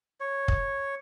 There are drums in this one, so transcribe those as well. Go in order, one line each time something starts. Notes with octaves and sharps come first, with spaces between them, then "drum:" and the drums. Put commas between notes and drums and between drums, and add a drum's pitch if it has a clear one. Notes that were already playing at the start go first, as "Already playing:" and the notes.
C#5
drum: kick